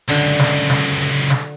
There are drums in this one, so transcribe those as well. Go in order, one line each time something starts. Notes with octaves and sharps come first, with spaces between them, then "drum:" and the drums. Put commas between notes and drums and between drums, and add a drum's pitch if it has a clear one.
C#2 F#2 D3 G5
drum: snare
drum: snare
drum: snare